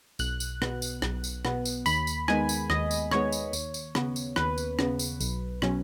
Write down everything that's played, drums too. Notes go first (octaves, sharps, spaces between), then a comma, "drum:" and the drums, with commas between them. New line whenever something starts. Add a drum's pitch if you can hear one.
B1 F#6, drum: tambourine
drum: tambourine
B2 B3, drum: rim click
drum: tambourine
B1, drum: rim click
drum: tambourine
B2 B3, drum: rim click
drum: tambourine
D#2 B5, drum: tambourine
drum: tambourine
D#3 G#3 B3 G#5, drum: rim click
drum: tambourine
D#2 D#5, drum: rim click
drum: tambourine
D#3 G#3 B3 C#5, drum: rim click
drum: tambourine
D#2, drum: tambourine
drum: tambourine
C#3 B3, drum: rim click
drum: tambourine
D#2 B4, drum: rim click
drum: tambourine
C#3 B3, drum: rim click
drum: tambourine
B1, drum: tambourine
B2 F#3 C#4, drum: rim click